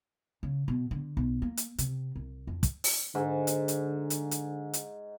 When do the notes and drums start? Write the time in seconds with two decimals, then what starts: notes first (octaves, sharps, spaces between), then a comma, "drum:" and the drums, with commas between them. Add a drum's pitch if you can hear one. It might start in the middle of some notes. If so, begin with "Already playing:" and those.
0.43 C#3
0.68 B2
0.91 D3
1.17 B1
1.42 A#3
1.57 drum: hi-hat
1.78 C3, drum: hi-hat
2.16 C2
2.47 F2
2.63 drum: kick, hi-hat
2.84 drum: open hi-hat
3.15 G#2 D3
3.47 drum: hi-hat
3.68 drum: hi-hat
4.10 drum: hi-hat
4.31 drum: hi-hat
4.73 drum: hi-hat